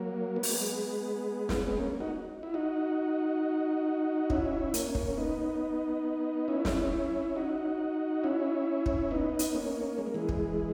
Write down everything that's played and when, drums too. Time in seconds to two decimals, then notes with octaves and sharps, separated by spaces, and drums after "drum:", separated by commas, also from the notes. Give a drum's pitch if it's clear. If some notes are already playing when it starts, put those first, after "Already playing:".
Already playing: F#3 A#3
0.36 B3
0.43 A#3, drum: open hi-hat
0.50 G#3 B3
1.49 drum: snare
1.67 G#3 B3
1.78 A#3 C#4
2.00 D#4 F#4
2.43 E4
2.54 D#4 F#4
4.30 C#4 E4, drum: kick
4.74 A#3 C#4, drum: hi-hat
4.95 A#3 C#4, drum: kick
5.17 B3 D#4
6.48 C#4 E4
6.65 drum: snare
7.35 D#4 F#4
8.23 C#4 E4
8.86 drum: kick
9.11 B3 D#4
9.39 drum: hi-hat
9.55 A#3 C#4
9.98 G#3
10.06 A#3
10.14 E3 G#3
10.29 drum: kick